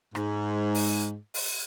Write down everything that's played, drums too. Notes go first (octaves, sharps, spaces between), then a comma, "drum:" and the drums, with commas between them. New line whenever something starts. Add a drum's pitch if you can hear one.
G#2, drum: rim click
drum: open hi-hat
drum: open hi-hat